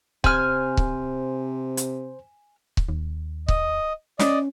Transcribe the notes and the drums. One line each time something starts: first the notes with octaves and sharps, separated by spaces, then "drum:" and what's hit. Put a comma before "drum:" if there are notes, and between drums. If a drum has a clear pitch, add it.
C3 C5 G#5 F6, drum: kick C#1
drum: kick C#1
drum: hi-hat
drum: kick C#1
D#2
D#5, drum: kick C#1
C#4 D5 D#5, drum: snare